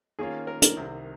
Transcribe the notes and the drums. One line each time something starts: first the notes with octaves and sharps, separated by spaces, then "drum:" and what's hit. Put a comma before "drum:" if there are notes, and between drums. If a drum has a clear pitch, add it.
D#3 A#3 C#4 F4 G#4
A#4
A#4, drum: hi-hat
C2 C3 D#3